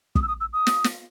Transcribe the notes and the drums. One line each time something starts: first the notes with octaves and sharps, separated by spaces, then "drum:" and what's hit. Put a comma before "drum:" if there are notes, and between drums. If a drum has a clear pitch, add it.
D#6, drum: kick
E6
D#6
E6
D#6
drum: snare
drum: snare